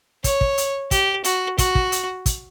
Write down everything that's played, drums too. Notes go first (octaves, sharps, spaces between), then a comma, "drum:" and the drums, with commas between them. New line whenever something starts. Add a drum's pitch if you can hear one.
C#5, drum: kick, hi-hat
drum: kick
drum: hi-hat
G4, drum: kick, hi-hat
F#4, drum: hi-hat
F#4, drum: kick, hi-hat
drum: kick
drum: hi-hat
drum: kick, hi-hat